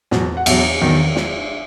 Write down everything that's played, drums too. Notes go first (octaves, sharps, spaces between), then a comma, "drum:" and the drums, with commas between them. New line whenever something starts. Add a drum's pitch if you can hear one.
E2 B2 F#3, drum: snare
F#5
E2 B2 F#3 E5, drum: cymbal
E2 D#3 F#3
drum: snare